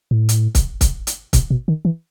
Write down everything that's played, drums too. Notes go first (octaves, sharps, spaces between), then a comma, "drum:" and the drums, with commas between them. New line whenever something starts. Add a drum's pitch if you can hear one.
A2
drum: hi-hat
drum: kick, hi-hat
drum: kick, hi-hat
drum: hi-hat
B2, drum: kick, hi-hat
B2
D#3
E3